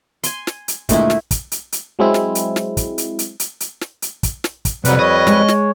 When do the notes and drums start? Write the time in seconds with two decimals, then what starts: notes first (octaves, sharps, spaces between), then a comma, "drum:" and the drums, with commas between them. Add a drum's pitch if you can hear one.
0.23 G#5 C6, drum: hi-hat
0.47 drum: snare
0.68 drum: hi-hat
0.89 D2 A#2 G#3 A3 E4, drum: kick, hi-hat
1.10 drum: snare
1.31 drum: kick, hi-hat
1.52 drum: hi-hat
1.72 drum: hi-hat
1.99 F#3 G#3 C4 E4
2.14 drum: snare
2.35 drum: hi-hat
2.56 drum: snare
2.77 drum: kick, hi-hat
2.98 drum: hi-hat
3.19 drum: hi-hat
3.40 drum: hi-hat
3.60 drum: hi-hat
3.81 drum: snare
4.02 drum: hi-hat
4.23 drum: kick, hi-hat
4.44 drum: snare
4.65 drum: kick, hi-hat
4.85 F2 C3 F#3 G3 B4, drum: hi-hat
4.99 C#5 D#5
5.27 G#3, drum: snare
5.48 drum: snare